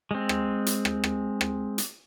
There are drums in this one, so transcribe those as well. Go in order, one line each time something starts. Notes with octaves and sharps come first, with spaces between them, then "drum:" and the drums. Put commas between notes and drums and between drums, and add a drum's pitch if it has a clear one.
G#3 C4
drum: rim click
drum: hi-hat
drum: rim click
drum: rim click
drum: rim click
drum: hi-hat